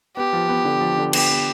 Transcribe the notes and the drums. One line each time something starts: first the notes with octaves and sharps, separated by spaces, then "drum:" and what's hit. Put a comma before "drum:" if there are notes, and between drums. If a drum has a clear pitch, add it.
B3 G4
F3
B3
D3
F3
D3
B3 G4, drum: cymbal
B3